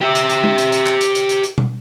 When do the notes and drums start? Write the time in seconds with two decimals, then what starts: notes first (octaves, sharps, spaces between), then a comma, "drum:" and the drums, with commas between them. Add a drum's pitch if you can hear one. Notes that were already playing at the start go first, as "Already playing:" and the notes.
0.01 G4 E5
0.15 drum: hi-hat
0.29 drum: hi-hat
0.44 drum: tom
0.58 drum: hi-hat
0.72 drum: hi-hat
0.86 drum: clap
1.01 drum: hi-hat
1.15 drum: hi-hat
1.29 drum: hi-hat
1.43 drum: hi-hat
1.58 drum: tom B2